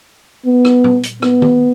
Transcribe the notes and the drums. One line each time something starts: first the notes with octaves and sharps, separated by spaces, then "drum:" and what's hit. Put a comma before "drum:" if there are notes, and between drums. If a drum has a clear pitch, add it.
B3
drum: rim click
drum: tom A#2
drum: hi-hat
B3, drum: rim click
drum: tom D#3